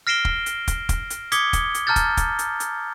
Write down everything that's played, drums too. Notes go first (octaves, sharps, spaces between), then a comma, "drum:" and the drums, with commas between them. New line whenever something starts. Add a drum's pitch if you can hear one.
F6 A#6 C7 D7 E7 G7
drum: kick
drum: hi-hat
drum: kick, hi-hat
drum: kick, hi-hat
drum: hi-hat
D6 D#6 G#6 B6 C#7 G7, drum: hi-hat
drum: kick, hi-hat
drum: hi-hat
A5 A#5 F6 G6 A6
drum: kick, hi-hat
drum: kick, hi-hat
drum: hi-hat
drum: hi-hat